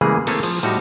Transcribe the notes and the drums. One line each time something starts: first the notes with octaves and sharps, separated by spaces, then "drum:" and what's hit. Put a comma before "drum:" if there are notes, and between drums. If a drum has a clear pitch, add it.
C#3 E3 G3 G#3 A#3 G#4
A3 A#3 C4 E4 G#4 A4, drum: cymbal
F3, drum: cymbal
A2 G3 D#4 F#4, drum: cymbal